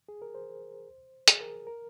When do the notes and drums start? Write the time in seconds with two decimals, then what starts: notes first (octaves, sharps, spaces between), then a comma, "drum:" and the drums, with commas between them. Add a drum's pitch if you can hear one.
0.09 G#4
0.22 A#4
0.35 C5
1.28 G#4, drum: hi-hat
1.40 A#4
1.67 A#4